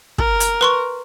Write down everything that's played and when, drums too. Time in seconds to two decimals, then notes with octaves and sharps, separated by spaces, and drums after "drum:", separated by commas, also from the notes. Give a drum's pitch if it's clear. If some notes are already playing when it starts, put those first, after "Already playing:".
0.18 A#4, drum: kick
0.40 drum: hi-hat
0.61 B4 C6 C#6